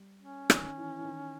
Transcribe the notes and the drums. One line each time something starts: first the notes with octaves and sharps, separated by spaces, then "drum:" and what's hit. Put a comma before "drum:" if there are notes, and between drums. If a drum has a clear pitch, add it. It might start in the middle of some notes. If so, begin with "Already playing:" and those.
Already playing: G3
C#4
D#3, drum: rim click
E3
E3
D#3